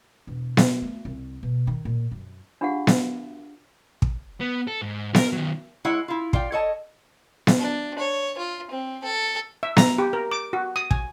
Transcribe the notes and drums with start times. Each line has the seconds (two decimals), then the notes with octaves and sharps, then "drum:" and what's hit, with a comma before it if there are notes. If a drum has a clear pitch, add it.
0.27 E1
0.57 drum: snare B3
0.82 A3
1.05 C2
1.43 B2
1.67 D#3
1.85 A#2
2.11 F#2
2.61 D4 F4 G4 G#4 F5 F#5
2.87 drum: snare B3
4.02 drum: kick
4.40 B3
4.67 A4
4.82 G#2
5.15 A#4, drum: snare B3
5.32 D#3 F#3
5.85 G#3 E4 C#5 F#5
6.08 E4 F4
6.33 F4 D5 G5, drum: kick
6.52 A4 C#5 D#5 A5
7.47 drum: snare B3
7.60 D4
7.98 C#5
8.38 F4
8.71 C4
9.04 A4
9.63 E5
9.77 A#5, drum: snare B3
9.98 G4
10.13 A#4
10.31 D6
10.53 F#4
10.76 D#6
10.91 G#5, drum: kick